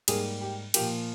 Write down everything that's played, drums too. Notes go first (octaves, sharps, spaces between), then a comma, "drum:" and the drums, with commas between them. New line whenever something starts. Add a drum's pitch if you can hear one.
G#2 G3 A#3 G#4, drum: cymbal
G4
A#2 F3 A#3 G4, drum: cymbal